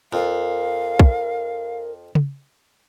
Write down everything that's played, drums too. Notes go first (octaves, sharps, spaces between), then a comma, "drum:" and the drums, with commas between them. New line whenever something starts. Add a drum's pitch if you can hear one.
F2 A#4 F5
drum: kick
drum: tom C#3